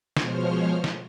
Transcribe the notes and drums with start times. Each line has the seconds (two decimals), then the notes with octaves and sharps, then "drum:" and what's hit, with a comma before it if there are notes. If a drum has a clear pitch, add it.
0.17 B2 F3 G#3 C5 C#5 F6, drum: snare
0.84 drum: snare